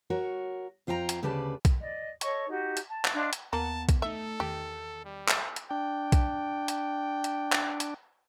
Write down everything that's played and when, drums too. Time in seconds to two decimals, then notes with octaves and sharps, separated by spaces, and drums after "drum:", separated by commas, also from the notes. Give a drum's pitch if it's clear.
0.10 F#4 A#4 C#5
0.87 F2 F4 C5 G5 A#5
1.09 drum: hi-hat
1.23 D2 C#3 G4 B4 D5 A5
1.65 drum: kick B1, hi-hat
1.80 D5 D#5
2.21 A4 C#5 D#5 C#6, drum: hi-hat
2.49 D#4 F#4 G4
2.77 drum: hi-hat
2.88 A5
3.05 drum: clap
3.15 D4 D#5 F5 C6
3.33 drum: hi-hat
3.53 D#2 A#3 B3 F#5 A5
3.89 drum: kick B1, hi-hat
4.02 A3 D#4 A4 E5
4.40 E2 D#3 G4
5.05 G3
5.28 drum: clap
5.56 drum: hi-hat
5.71 D4 G5
6.12 drum: kick B1, hi-hat
6.68 drum: hi-hat
7.24 drum: hi-hat
7.52 drum: clap
7.80 drum: hi-hat